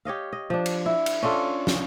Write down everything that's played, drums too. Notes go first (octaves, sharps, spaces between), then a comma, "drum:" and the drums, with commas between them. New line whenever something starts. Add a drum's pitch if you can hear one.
G4 C#5 D#5 F5
D#5
F3 D4
drum: cymbal
E4
drum: cymbal
C#4 D4 F4 A4
drum: snare